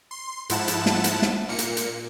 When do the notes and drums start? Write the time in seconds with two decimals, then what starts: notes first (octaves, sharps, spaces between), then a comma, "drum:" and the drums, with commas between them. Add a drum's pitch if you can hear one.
0.11 C6
0.50 G#2 F3 E4 F#5 A5 E7, drum: hi-hat
0.68 drum: hi-hat
0.86 drum: snare
1.04 drum: hi-hat
1.22 drum: snare
1.48 A#2 A#3 C#7
1.59 drum: hi-hat
1.77 drum: hi-hat